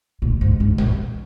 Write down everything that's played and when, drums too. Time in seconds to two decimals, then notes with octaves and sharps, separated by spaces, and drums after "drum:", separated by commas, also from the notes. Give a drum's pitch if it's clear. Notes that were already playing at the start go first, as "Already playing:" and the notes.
0.22 A#2
0.41 G#2
0.60 G#2
0.78 A#2, drum: tom A#1